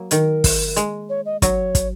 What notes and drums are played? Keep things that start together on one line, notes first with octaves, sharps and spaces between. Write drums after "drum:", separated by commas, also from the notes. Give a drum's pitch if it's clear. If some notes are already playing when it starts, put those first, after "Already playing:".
Already playing: F#3 A#3
D#3 A#4, drum: hi-hat
drum: kick, open hi-hat
G#3, drum: hi-hat
C#5
D#5
F#3 C#5, drum: kick, hi-hat
drum: kick, hi-hat